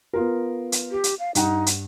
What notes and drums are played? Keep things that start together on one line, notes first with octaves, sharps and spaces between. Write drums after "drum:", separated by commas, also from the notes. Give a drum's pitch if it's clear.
B3 F4 A#4
drum: hi-hat
G4
drum: hi-hat
F5
G2 D#4 F#5, drum: hi-hat
drum: hi-hat